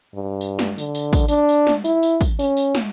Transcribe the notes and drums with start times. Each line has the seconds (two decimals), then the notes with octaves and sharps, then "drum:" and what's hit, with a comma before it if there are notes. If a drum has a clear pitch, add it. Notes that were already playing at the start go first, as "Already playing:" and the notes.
0.15 G2
0.41 drum: tambourine
0.59 drum: snare
0.78 D3, drum: tambourine
0.95 drum: tambourine
1.13 drum: kick, tambourine
1.28 D4, drum: tambourine
1.49 drum: tambourine
1.67 drum: snare
1.85 E4, drum: tambourine
2.03 drum: tambourine
2.21 drum: kick, tambourine
2.39 C#4, drum: tambourine
2.57 drum: tambourine
2.75 drum: snare